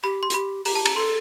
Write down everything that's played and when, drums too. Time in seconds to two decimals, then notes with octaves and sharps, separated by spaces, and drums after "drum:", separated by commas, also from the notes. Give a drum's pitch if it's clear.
0.03 G4 B5
0.23 C6
0.30 F#4, drum: hi-hat
0.34 G4 B5
0.65 G4 A#5, drum: open hi-hat
0.75 A5
0.85 A#5, drum: cymbal
0.96 A4 C6